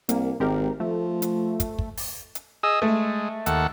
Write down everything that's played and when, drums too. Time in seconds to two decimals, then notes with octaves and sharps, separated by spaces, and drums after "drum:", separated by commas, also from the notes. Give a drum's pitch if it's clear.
0.09 C2 A#3, drum: hi-hat
0.40 G#1 G#3 G4 A#4
0.80 F3 A3
1.22 drum: hi-hat
1.60 drum: kick, hi-hat
1.79 drum: kick
1.97 drum: open hi-hat
2.35 drum: hi-hat
2.63 G#4 D#5 E6
2.82 G#3 A3
3.46 D#2 A4 F#5, drum: hi-hat